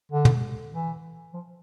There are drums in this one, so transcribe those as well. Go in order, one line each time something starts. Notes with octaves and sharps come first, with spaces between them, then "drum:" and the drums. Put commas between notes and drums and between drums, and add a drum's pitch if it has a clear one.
D3
drum: tom
E3
F3